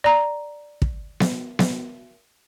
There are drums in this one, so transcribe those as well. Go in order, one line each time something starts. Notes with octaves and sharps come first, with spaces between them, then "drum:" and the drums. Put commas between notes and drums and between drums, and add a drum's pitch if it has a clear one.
D5 A#5
drum: kick
drum: snare B3
drum: snare B3